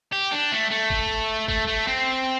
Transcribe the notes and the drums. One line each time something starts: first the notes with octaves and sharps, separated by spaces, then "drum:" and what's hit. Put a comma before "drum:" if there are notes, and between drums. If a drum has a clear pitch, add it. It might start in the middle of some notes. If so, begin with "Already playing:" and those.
G4
D4
A3
A3
drum: kick
A3, drum: kick
A3
C4